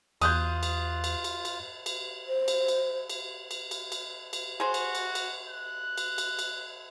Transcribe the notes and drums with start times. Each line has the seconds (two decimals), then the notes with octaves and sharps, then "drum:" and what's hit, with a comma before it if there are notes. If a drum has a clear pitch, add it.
0.22 E2 F4 D#6 F#6 G6, drum: cymbal
0.63 drum: cymbal
1.04 drum: cymbal
1.24 drum: cymbal
1.45 drum: cymbal
1.86 drum: cymbal
2.28 C5
2.48 drum: cymbal
2.68 drum: cymbal
3.10 drum: cymbal
3.51 drum: cymbal
3.71 drum: cymbal
3.92 drum: cymbal
4.33 drum: cymbal
4.60 F#4 G#4 C5
4.74 drum: cymbal
4.95 drum: cymbal
5.15 drum: cymbal
5.48 F#6
5.98 drum: cymbal
6.18 drum: cymbal
6.39 drum: cymbal